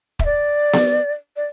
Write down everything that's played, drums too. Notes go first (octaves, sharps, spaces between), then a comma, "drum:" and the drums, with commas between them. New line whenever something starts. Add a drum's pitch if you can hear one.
E5, drum: kick
D5
drum: snare B3
D5